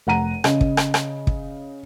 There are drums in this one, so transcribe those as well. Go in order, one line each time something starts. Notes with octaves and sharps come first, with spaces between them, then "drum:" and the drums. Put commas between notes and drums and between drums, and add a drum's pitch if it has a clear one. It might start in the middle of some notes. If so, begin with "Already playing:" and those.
F1 F#5 A#5 D#7
C#3 D#5, drum: rim click
drum: kick
drum: rim click
drum: rim click
drum: kick